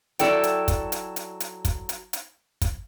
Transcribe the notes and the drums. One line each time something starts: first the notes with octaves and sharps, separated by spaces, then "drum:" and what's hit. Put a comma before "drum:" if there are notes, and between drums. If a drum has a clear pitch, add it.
F#3 E4 A4 D5 G5, drum: hi-hat
drum: hi-hat
drum: kick, hi-hat
drum: hi-hat
drum: hi-hat
drum: hi-hat
drum: kick, hi-hat
drum: hi-hat
drum: hi-hat
drum: kick, hi-hat